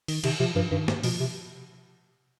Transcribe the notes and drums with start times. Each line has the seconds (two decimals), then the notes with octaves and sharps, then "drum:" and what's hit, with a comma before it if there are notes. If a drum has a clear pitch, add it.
0.08 D#3, drum: open hi-hat
0.24 C3 D#3, drum: cymbal
0.40 C3 F3
0.56 G2 F3
0.71 G2 D#3
0.88 G#2, drum: snare
1.03 B2 F3, drum: open hi-hat
1.20 C3